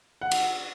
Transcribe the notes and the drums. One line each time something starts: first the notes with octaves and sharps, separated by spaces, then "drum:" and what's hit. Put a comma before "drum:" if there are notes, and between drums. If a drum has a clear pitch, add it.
F#5
drum: cymbal